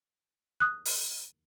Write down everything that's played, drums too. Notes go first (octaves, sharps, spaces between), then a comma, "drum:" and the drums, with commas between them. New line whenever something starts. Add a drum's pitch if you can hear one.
D#6 F#6
drum: open hi-hat